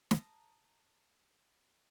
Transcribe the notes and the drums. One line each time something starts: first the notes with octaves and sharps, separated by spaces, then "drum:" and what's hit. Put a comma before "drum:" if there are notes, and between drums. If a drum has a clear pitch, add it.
A5 A#5 D#6, drum: snare